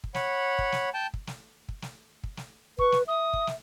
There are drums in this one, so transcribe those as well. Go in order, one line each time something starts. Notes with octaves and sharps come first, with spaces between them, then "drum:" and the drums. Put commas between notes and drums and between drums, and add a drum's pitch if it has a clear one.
drum: kick
C#5 F#5 B5, drum: snare
drum: kick
drum: snare
G5 A5
drum: kick
drum: snare
drum: kick
drum: snare
drum: kick
drum: snare
B4 C#6, drum: kick
drum: snare
E5 D#6
drum: kick
drum: snare